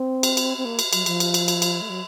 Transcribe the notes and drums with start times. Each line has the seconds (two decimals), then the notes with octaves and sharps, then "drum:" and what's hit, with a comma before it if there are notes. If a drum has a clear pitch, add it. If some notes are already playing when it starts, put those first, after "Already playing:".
Already playing: C4
0.23 drum: cymbal
0.37 drum: cymbal
0.57 C4
0.65 A#3
0.79 drum: cymbal
0.93 F#3, drum: cymbal
1.06 F3, drum: cymbal
1.20 drum: cymbal
1.34 drum: cymbal
1.48 drum: cymbal
1.62 drum: cymbal
1.82 A3
1.90 F#3